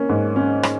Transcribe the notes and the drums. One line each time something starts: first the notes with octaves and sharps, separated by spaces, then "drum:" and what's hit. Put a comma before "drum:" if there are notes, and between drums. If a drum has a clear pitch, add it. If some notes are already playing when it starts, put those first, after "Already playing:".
Already playing: A#3 C#4
G#2
C#4
drum: rim click